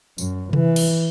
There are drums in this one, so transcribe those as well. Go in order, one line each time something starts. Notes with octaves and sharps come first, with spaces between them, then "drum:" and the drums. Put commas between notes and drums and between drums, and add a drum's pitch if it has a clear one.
F#2, drum: tambourine
E3, drum: tom C3
drum: cymbal